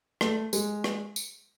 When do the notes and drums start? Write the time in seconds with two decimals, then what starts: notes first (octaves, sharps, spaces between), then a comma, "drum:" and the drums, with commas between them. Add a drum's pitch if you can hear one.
0.21 A3, drum: rim click
0.53 G#3, drum: tambourine
0.84 drum: rim click
1.16 drum: tambourine